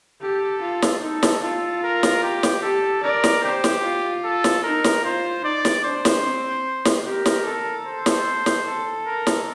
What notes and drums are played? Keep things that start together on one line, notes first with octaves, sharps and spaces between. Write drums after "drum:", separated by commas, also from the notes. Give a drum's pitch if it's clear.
G4 A4
F4
drum: snare
D#4 A4
drum: snare
F4 A4
A#4
drum: snare
G4
drum: snare
G4 A4
A#4 D5
drum: snare
G4 C5
drum: snare
F4
A4
drum: snare
D#4 A#4
drum: snare
F4 C5
D#4 D5
drum: snare
D4 C5
drum: snare
C4
drum: snare
G4 A#4
drum: snare
A4
C5
drum: snare
drum: snare
A4
A#4
drum: snare